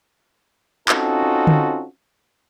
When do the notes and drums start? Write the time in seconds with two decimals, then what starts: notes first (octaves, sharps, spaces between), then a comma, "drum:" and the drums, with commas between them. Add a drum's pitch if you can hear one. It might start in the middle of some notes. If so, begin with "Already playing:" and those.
0.89 C4 C#4 D#4 F4 F#4 A4, drum: clap
1.47 drum: tom D3